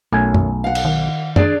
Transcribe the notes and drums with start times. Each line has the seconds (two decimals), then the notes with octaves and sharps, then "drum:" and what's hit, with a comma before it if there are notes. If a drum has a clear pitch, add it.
0.12 B1 F#2 A3 G#5
0.34 drum: tom F#2
0.64 F5 F#5
0.75 drum: cymbal
0.85 D#3
1.36 D4 G#4 D5, drum: tom F#2